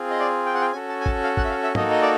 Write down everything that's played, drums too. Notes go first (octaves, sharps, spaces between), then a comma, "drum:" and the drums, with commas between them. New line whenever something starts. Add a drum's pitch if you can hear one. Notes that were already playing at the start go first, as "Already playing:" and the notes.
Already playing: C4 F4 G#4
D#5
D5
G5
F#5
G5
C#4 F#4 A4 G#5
A5
G#5
A5, drum: kick G#1
F5
F#5, drum: kick G#1
E5
F5
E5
A#3 D#4 F#4 A4 D#5, drum: tom
D#5
D5